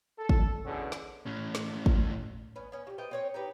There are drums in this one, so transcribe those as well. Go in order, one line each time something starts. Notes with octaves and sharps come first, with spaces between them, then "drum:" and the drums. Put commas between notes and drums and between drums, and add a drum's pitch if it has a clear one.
A4
drum: kick
B2 D3 E3 C#4 G#4
drum: snare
A2 C#4
drum: snare
drum: kick
B3 C#4
B3 C#4
F#3 G3
B3 C4 D#5 G5
C4 C#4 C#5
D#4 G4 B4 G5